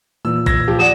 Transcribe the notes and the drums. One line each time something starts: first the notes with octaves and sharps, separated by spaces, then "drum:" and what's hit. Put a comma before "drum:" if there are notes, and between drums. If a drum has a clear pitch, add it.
A#2 E3 E6
E6 G#6 A#6, drum: kick
F3 G4
D5 F#5 D#6 E7